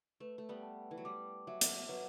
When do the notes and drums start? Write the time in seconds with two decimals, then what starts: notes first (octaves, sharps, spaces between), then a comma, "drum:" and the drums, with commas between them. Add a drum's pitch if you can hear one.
0.20 A3 B4
0.38 A3
0.49 G3 B3
0.63 A5
0.91 E3
0.98 F#3
1.05 G3 D6
1.47 F#3 E5
1.61 drum: hi-hat
1.89 F#3 B4